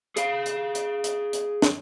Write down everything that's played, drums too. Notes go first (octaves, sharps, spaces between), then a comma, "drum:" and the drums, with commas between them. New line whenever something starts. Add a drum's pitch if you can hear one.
G#4 F5, drum: hi-hat
drum: hi-hat
drum: hi-hat
drum: hi-hat
drum: hi-hat
drum: snare